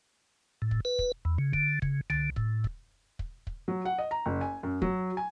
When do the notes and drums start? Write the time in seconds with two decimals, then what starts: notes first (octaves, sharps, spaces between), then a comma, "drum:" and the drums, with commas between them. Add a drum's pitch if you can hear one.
0.62 A2
0.71 drum: kick
0.85 B4
0.99 drum: kick
1.25 E2
1.38 C#3
1.53 D3, drum: kick
1.82 C#3, drum: kick
2.10 D3, drum: tom C2
2.36 A2, drum: kick
2.64 drum: kick
3.19 drum: kick
3.47 drum: kick
3.68 F#3
3.85 F#5
3.98 D#5
4.11 A#5
4.26 F#1
4.41 G#5
4.63 F#2
4.82 F#3, drum: kick
5.17 G#5